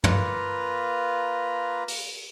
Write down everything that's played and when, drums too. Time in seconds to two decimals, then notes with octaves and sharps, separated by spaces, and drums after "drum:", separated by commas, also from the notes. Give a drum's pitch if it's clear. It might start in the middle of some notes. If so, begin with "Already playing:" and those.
0.04 A#3 F4 B4 A#5, drum: tom
1.88 drum: open hi-hat